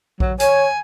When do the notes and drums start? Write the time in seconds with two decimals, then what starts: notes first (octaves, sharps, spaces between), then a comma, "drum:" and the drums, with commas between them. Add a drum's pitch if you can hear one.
0.20 F#3, drum: kick A#1
0.40 C#5 G#5, drum: hi-hat